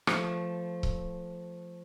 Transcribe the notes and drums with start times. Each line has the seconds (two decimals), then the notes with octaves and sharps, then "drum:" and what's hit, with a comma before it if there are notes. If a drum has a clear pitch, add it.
0.07 F3 A3, drum: rim click
0.83 drum: kick C#1